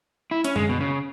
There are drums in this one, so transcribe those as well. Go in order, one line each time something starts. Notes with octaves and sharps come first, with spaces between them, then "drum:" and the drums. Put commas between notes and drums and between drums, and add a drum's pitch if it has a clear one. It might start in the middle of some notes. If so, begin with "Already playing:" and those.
E4
C#4, drum: hi-hat
G#3, drum: tom
B2
C#3